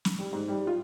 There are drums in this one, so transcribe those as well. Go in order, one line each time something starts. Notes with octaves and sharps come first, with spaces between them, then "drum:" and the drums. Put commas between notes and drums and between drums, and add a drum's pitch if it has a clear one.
drum: snare
G3
G#2
G3
F4